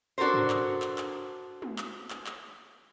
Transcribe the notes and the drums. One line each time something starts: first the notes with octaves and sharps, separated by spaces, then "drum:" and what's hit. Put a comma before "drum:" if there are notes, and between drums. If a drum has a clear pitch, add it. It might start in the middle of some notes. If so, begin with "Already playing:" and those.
D4 F#4 A4 A#4 C5
drum: tom G2
drum: clap
drum: clap
drum: clap
drum: tom
drum: clap
drum: clap
drum: clap